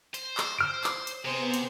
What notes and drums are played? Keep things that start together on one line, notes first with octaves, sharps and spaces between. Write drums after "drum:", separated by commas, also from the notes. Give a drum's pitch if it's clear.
C5, drum: hi-hat
drum: clap
F6 D7
drum: clap
drum: hi-hat
C3 B3 G#4 C5
drum: hi-hat